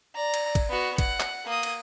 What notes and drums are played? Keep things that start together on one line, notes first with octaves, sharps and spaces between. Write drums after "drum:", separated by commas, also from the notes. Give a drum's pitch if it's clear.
D5 A#5
drum: cymbal
drum: kick A1, cymbal
B3 F#4
F#5, drum: kick A1, cymbal
drum: clap
A#3 D#6
drum: cymbal